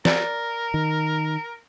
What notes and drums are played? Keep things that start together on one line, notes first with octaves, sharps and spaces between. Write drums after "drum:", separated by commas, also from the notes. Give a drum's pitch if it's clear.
A#4 D5, drum: snare
D#3